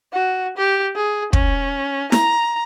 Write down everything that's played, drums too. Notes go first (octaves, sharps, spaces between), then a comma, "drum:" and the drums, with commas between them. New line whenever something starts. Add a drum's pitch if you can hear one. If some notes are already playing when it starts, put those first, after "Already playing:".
F#4
G4
G#4
C#4, drum: kick
A#5, drum: snare E4